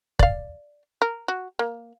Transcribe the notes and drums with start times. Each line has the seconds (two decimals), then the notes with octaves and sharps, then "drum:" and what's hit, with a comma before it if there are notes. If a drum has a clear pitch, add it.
0.19 D5 F5, drum: kick
1.02 A#4
1.28 F#4
1.59 A#3